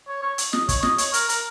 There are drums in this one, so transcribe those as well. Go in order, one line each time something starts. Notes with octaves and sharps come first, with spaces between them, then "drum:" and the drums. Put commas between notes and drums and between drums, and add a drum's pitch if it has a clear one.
C#5
C#5
drum: hi-hat
D#5, drum: snare
C#5, drum: kick, hi-hat
D#5, drum: snare
C#5, drum: hi-hat
A#4, drum: hi-hat
A#4, drum: hi-hat